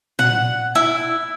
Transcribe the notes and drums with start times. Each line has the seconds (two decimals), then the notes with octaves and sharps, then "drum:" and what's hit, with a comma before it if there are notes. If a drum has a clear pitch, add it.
0.19 F#5, drum: tom A#2
0.75 E4